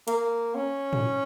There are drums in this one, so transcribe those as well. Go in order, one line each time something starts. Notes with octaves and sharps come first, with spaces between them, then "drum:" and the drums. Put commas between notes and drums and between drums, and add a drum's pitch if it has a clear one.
A#3, drum: hi-hat
C#4
drum: tom